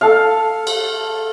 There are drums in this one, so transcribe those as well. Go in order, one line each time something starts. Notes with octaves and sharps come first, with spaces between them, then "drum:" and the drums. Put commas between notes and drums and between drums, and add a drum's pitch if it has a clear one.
A4 F5
drum: cymbal